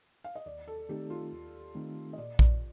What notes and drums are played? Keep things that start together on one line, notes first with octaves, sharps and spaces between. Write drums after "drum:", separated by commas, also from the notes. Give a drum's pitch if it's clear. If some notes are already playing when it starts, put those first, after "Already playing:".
F5
D#5
D#2 D5
A4
D#3 A3 C4 D#4 G4
F4
D#2
D#3 A3 C4 D#4
D#5
A#2 D5
D5, drum: kick A#1